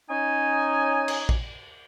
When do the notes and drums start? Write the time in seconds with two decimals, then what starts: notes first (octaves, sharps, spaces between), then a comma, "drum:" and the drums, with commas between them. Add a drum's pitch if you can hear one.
0.10 C#4 D#4 G#5
1.08 drum: cymbal
1.29 drum: kick A1